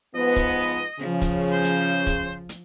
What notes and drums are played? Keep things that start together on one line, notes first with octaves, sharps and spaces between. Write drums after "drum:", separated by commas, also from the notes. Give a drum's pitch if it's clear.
G#2 F3 B3 D#5
drum: kick, hi-hat
C#3 F3
drum: kick, hi-hat
C5
drum: hi-hat
drum: kick, hi-hat
drum: hi-hat